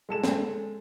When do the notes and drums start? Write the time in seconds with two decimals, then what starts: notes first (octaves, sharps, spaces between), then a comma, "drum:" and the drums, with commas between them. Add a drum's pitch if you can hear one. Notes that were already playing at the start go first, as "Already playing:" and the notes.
0.09 G#3 A4 E7
0.24 drum: snare